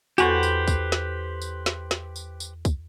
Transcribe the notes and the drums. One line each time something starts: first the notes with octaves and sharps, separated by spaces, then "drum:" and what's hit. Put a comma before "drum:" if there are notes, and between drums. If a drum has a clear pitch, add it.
E2 F#4 G4 A4 B4 C5 C#6, drum: tambourine
drum: tambourine
drum: kick, tambourine
drum: snare
drum: tambourine
drum: snare
drum: snare
drum: tambourine
drum: tambourine
drum: kick, tambourine